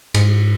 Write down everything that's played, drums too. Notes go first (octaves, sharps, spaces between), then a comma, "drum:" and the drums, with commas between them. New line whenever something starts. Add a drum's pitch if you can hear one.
G#2, drum: cymbal